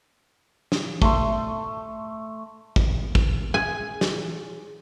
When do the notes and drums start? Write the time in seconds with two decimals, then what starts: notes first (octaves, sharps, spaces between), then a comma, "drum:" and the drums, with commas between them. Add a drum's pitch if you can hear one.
0.72 drum: snare
1.02 A3 C6, drum: kick
2.76 drum: kick
3.15 drum: kick
3.54 G#4 G#5
4.01 drum: snare